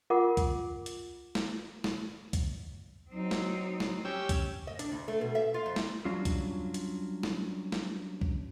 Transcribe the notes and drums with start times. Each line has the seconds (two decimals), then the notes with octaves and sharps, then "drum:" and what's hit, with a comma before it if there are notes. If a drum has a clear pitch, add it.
0.10 F4 A#4 F#5 D6
0.37 drum: kick C2, hi-hat
0.86 drum: hi-hat
1.35 drum: snare
1.84 drum: snare
2.33 drum: kick C2, hi-hat
3.11 F#3 C4 D#4
3.31 drum: snare
3.80 drum: snare
4.05 C#4 G4 E6
4.29 drum: kick C2, hi-hat
4.67 D#5
4.79 D4, drum: hi-hat
4.92 D2
5.08 A3
5.21 B2
5.35 E5
5.54 F4
5.66 F2
5.76 drum: snare
6.05 F#3 G3 C#4 D4 F4
6.25 drum: kick C2, hi-hat
6.74 drum: hi-hat
7.23 drum: snare
7.72 drum: snare
8.21 drum: kick C2